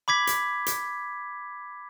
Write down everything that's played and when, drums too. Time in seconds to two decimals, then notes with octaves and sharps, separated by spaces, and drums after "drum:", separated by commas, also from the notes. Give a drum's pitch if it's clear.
0.08 B5 D6 G#6 B6
0.27 drum: hi-hat
0.66 drum: hi-hat